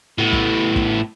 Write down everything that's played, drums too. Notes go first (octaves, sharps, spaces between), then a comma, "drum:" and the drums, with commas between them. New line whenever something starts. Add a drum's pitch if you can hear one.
A2 B3
drum: kick
drum: kick